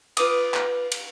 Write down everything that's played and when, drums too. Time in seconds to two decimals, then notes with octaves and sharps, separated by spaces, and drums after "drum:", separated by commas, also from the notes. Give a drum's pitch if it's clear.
0.17 F4 B4 D6 D#6, drum: cymbal
0.54 drum: clap
0.92 drum: cymbal